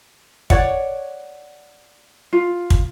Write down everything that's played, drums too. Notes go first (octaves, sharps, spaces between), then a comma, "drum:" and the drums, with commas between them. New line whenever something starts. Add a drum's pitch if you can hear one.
C#5 D5 F#5, drum: kick
F4
drum: kick